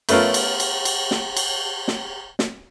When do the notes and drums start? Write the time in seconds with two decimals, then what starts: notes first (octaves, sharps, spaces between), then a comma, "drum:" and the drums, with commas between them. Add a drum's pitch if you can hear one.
0.09 A3 B3 C#4 F4 A#4, drum: cymbal
0.34 drum: cymbal
0.60 drum: cymbal
0.85 drum: cymbal
1.11 drum: snare
1.37 drum: cymbal
1.88 drum: snare
2.39 drum: snare